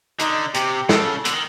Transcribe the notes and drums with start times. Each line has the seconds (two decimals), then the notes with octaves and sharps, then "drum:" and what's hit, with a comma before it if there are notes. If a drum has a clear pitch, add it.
0.19 D3 D#4, drum: hi-hat
0.54 C3 G4, drum: hi-hat
0.89 C#3 A4, drum: snare
1.25 D3, drum: hi-hat
1.33 D#3